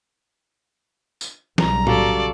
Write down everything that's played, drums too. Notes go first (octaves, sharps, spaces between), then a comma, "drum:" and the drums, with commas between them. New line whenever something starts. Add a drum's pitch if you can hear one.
drum: tambourine
B1 C#3 G3 A#5, drum: snare
F#4 G4 A4 D5 F5, drum: tom A2